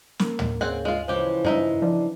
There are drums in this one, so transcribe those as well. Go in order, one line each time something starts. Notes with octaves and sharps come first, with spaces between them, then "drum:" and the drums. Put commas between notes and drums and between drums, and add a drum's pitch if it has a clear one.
A#3, drum: snare
drum: tom
C#3 C4 F#5 G#5
G#3 F4
C#3 E3 F3 G#3 G4 G#5
G2 G#3 D#4 E5
F3 D4